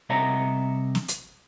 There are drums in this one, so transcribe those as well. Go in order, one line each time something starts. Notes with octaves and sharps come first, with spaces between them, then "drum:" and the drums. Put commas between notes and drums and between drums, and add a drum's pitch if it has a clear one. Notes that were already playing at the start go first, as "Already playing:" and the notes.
C2 C3 D#5 E5 F#5 A#5
drum: snare
drum: hi-hat